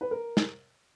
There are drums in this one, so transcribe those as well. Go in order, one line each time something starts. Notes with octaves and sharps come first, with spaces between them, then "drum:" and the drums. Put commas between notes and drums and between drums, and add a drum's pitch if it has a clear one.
B4
A#4
drum: snare